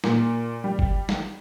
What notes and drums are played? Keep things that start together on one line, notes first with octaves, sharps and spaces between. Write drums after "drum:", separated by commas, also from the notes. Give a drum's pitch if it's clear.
A#2, drum: snare
G3
drum: kick
drum: snare